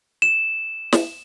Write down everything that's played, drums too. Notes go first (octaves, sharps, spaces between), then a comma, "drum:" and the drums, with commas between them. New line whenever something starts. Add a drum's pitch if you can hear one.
E7
drum: snare